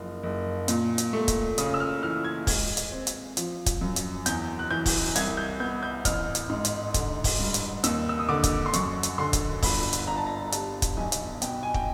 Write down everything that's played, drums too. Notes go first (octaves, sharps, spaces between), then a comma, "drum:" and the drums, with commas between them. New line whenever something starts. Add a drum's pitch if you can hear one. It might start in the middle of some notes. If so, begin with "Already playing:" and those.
Already playing: F#1 F3
F#1
A#2, drum: hi-hat
drum: hi-hat
A3
drum: kick, hi-hat
C#3 D#6, drum: hi-hat
E6
F6
E3 F6
G#6
G#3 G#6, drum: kick, open hi-hat
drum: hi-hat
C4
drum: hi-hat
F3, drum: hi-hat
drum: kick, hi-hat
F#2
drum: hi-hat
E2 G6, drum: hi-hat
F#6
E3 G6
drum: kick, open hi-hat
C2 G#6, drum: hi-hat
G6
B3 G6
G6
A1 F6, drum: kick, hi-hat
drum: hi-hat
G#2
drum: hi-hat
D3, drum: kick, hi-hat
drum: kick, open hi-hat
G2
drum: hi-hat
D#2 E6, drum: hi-hat
E6
D#6
D3 D6
drum: kick, hi-hat
C6
F#2 C#6, drum: hi-hat
drum: hi-hat
D3 C6
drum: kick, hi-hat
G1 B5, drum: kick, open hi-hat
drum: hi-hat
G1 A#5
A5
A#5
G3 A5, drum: hi-hat
drum: kick, hi-hat
B1 G#5
drum: hi-hat
B2 G5, drum: hi-hat
G#5
G5, drum: kick